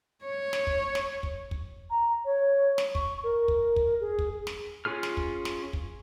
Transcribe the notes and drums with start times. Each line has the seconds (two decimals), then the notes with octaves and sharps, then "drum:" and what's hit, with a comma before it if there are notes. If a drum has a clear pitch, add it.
0.25 C#5
0.53 drum: snare
0.67 drum: kick
0.95 drum: snare
1.23 drum: kick
1.51 drum: kick
1.90 A#5
2.25 C#5
2.78 drum: snare
2.95 C#6, drum: kick
3.24 A#4
3.48 drum: kick
3.76 drum: kick
4.01 G#4
4.19 drum: kick
4.47 drum: snare
4.85 C#4 F4 G#4 F6
5.03 drum: snare
5.17 drum: kick
5.45 drum: snare
5.73 drum: kick